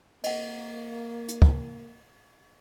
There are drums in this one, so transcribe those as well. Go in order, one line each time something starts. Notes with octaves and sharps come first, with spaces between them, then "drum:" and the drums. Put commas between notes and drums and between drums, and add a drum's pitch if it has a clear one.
A#3 D#5 F#5, drum: cymbal
drum: hi-hat
drum: kick